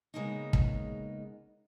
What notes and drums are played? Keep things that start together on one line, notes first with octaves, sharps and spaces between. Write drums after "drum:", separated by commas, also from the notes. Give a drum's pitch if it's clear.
C#3 E3 G#3 A#3 B3 D#4
drum: kick